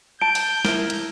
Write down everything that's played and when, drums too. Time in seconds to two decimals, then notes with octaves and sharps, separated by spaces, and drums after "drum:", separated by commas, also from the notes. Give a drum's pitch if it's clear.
0.21 A5 G6 D7
0.35 drum: open hi-hat
0.65 E4 A#4, drum: snare
0.90 drum: hi-hat